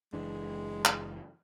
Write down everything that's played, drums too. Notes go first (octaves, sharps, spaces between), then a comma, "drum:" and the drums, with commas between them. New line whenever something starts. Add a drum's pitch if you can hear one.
F#1 E3 G#3 D4
drum: clap